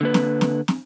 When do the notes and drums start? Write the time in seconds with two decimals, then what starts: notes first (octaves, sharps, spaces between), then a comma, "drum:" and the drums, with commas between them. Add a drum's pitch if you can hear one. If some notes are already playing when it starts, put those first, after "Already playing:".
0.01 D3 A#3 B4
0.14 drum: snare
0.41 drum: snare
0.68 drum: snare